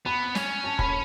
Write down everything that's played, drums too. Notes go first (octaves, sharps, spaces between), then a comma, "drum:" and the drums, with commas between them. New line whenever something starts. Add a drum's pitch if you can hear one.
B3 B5
C#4, drum: snare
A5
B5, drum: kick